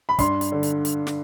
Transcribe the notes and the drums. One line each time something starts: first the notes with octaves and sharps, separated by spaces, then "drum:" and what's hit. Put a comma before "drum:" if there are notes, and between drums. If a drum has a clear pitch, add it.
B5
G2 C6, drum: kick, hi-hat
drum: hi-hat
D3
drum: hi-hat
drum: hi-hat
drum: snare